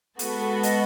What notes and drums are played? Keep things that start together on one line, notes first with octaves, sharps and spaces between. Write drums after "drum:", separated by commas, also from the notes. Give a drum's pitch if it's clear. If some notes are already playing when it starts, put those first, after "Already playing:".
G#3 B3 F#4 A4, drum: hi-hat
D#5, drum: hi-hat